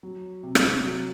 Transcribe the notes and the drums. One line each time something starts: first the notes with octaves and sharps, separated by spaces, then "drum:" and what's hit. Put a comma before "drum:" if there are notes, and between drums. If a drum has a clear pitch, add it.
F#3
C3
drum: rim click
F#3